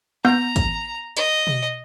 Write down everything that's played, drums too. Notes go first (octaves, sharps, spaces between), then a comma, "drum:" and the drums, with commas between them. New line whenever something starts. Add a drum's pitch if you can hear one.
B3 A#5 G6
drum: kick, hi-hat
D#5, drum: hi-hat
drum: tom B2